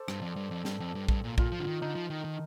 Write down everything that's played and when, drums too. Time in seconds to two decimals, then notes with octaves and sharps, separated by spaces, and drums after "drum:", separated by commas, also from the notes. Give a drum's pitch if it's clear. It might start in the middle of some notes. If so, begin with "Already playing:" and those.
Already playing: A4 C5 D5
0.08 G2, drum: rim click
0.22 F2
0.36 G2
0.51 F2
0.65 G2, drum: snare
0.80 F2
0.95 G2
1.09 G2, drum: kick A#1
1.24 A#2
1.38 A#2 F4, drum: kick A#1
1.52 F3
1.60 D3
1.67 D#3
1.82 D3 D#4
1.95 F3
2.11 D#3
2.25 D#3